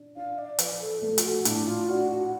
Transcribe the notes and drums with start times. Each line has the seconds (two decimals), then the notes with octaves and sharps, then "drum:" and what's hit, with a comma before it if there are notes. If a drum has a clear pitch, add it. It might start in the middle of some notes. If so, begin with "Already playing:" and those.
Already playing: D4
0.16 D4 F5
0.38 D5
0.59 F3 B4, drum: hi-hat
0.81 A4
1.02 A3 A4
1.18 F4, drum: hi-hat
1.24 F#4
1.45 A2 D4, drum: hi-hat
1.67 F4
1.88 D4 F#4
2.10 F#4